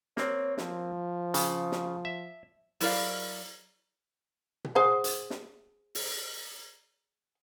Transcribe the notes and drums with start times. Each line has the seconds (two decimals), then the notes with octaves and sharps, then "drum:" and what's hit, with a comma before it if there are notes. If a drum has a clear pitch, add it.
0.17 A#3 C4 C#5, drum: snare
0.58 F3, drum: snare
1.34 C#3, drum: hi-hat
1.72 drum: snare
2.05 E5
2.81 F#3 E4 A#4 D5 F5, drum: open hi-hat
4.65 drum: tom B2
4.75 G#4 C5 F#5
5.04 drum: hi-hat
5.30 drum: snare
5.95 drum: open hi-hat